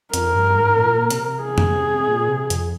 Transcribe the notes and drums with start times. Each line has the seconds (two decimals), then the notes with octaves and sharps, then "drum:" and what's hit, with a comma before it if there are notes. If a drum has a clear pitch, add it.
0.14 F2 A#4, drum: hi-hat
0.35 G2
0.57 G#2
0.78 A#2
1.10 C3, drum: hi-hat
1.43 G#4
1.58 drum: tom F2
2.08 A#2
2.29 C3
2.50 F2, drum: hi-hat